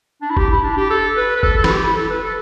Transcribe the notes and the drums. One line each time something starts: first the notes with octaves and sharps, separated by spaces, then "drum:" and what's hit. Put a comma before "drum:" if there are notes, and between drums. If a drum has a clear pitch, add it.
D4
E4
G4, drum: kick F#1
E4
D4
G4
A4
B4
B4
A4, drum: kick F#1
A4
E4, drum: snare
G4
E4
A4
B4
A4